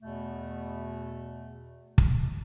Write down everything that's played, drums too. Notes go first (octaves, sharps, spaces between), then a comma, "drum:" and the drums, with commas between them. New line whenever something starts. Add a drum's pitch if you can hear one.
E2 B2 A3
drum: kick